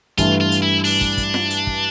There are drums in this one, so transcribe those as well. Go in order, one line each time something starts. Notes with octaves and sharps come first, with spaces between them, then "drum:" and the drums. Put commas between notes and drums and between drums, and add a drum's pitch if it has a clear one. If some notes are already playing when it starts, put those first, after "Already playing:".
G2 E3 A3 F4, drum: kick, hi-hat
F4
drum: hi-hat
E4
D4, drum: open hi-hat
drum: kick
drum: kick, hi-hat
drum: snare F4
drum: hi-hat
drum: kick